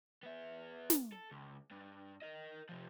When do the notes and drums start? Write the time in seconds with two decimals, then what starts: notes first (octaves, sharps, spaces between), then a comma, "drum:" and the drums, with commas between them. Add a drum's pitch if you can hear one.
0.23 B3 E5
0.90 drum: snare
1.12 A4
1.31 C#2
1.71 G2
2.22 A#4 D#5
2.69 C3 F3